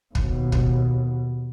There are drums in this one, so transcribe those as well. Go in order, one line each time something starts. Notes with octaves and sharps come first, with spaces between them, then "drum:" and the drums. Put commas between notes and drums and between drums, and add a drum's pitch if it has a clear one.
D#2 B2, drum: kick
drum: kick